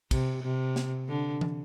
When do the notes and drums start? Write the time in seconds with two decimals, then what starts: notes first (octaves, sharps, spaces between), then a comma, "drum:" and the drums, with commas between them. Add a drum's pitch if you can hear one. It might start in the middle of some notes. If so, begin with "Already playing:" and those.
0.11 C3, drum: kick, cymbal
0.43 C3
0.76 drum: snare
1.09 D3
1.41 drum: tom E3